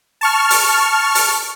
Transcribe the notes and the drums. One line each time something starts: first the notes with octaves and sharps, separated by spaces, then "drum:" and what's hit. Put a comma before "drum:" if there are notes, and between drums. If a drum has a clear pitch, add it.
A5 C#6 F6
drum: open hi-hat
drum: open hi-hat